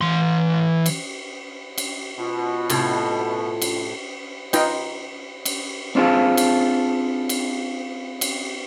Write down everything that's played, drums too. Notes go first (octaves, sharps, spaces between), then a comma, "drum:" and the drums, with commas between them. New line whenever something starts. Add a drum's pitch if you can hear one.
E3 C6
drum: cymbal
drum: cymbal
B2 F4
A2 C3, drum: cymbal
drum: cymbal
D#4 F4 B4 D#5 G5, drum: cymbal
drum: cymbal
C4 D4 F4 G#4 A4
drum: cymbal
drum: cymbal
drum: cymbal